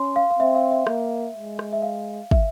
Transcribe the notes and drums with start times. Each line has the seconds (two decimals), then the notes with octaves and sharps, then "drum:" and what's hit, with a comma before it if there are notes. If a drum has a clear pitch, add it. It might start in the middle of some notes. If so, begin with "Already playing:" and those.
Already playing: C#4 C6
0.16 F5
0.31 F5
0.39 C4 E5
0.55 F5
0.71 E5
0.87 A#3, drum: rim click
1.35 G#3
1.59 drum: rim click
1.73 E5
1.82 F5
2.31 E5, drum: kick